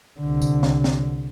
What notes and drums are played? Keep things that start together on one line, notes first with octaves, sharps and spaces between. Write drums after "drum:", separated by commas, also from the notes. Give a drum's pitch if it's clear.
C2 D3
drum: kick C2, tambourine
drum: snare
drum: snare